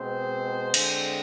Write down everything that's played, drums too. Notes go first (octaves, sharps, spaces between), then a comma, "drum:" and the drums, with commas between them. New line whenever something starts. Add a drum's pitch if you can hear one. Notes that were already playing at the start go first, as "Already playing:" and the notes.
Already playing: B2 G#3 C4 C5
D3 G#3 C4, drum: cymbal